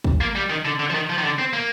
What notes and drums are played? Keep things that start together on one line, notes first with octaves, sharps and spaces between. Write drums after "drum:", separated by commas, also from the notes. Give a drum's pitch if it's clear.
drum: kick
A#3
G3
D#3
D3
D3
F3
D#3
F3
D#3
D3
C4
A#3